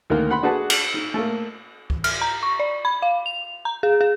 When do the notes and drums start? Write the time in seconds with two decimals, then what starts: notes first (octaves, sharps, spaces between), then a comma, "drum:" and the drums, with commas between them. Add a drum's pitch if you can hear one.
0.10 D2 D#3 A#3 A#4
0.30 F#5 B5 C6
0.43 D4 F#4 G#4 B4 F#5 A5
0.70 drum: cymbal
0.94 D#4
1.14 A3 A#3
1.90 drum: kick C#2
2.04 F6, drum: cymbal
2.22 A#5
2.43 C#6
2.59 D5
2.85 B5
3.02 F5
3.26 F7
3.65 A#5
3.83 G#4
4.01 G#4